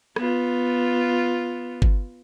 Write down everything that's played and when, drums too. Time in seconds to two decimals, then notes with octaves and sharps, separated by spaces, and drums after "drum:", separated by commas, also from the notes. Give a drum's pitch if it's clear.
0.16 B3 F4, drum: rim click
1.82 drum: kick G1